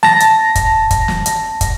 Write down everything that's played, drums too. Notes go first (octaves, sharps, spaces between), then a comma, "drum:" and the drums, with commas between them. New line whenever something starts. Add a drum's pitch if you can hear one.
A5 A#6, drum: snare
drum: hi-hat
drum: kick, hi-hat
drum: kick, hi-hat
drum: snare
drum: hi-hat
drum: kick, hi-hat